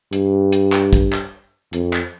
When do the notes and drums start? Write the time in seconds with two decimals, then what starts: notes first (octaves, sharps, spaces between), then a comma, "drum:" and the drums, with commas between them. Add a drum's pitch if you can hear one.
0.13 G2, drum: hi-hat
0.52 drum: hi-hat
0.73 drum: clap
0.93 drum: kick, hi-hat
1.13 drum: clap
1.73 F2, drum: hi-hat
1.93 drum: clap